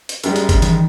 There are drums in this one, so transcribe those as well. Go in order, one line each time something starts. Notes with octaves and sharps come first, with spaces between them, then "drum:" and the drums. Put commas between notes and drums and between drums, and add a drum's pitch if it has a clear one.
drum: hi-hat
F#2 G3 G#3, drum: hi-hat
drum: hi-hat
drum: kick G1, hi-hat
D#3 E3, drum: hi-hat